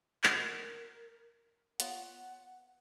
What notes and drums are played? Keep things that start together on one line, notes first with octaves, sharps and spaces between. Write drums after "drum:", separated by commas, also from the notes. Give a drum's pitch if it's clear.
F#4 A#4 D5 D#5, drum: clap
B3 F4 C#5 F#5, drum: hi-hat